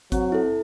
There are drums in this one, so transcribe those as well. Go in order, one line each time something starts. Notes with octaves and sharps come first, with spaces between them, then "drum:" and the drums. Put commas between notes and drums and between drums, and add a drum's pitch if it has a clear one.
F#3 C4, drum: kick G#1, hi-hat
E4 A4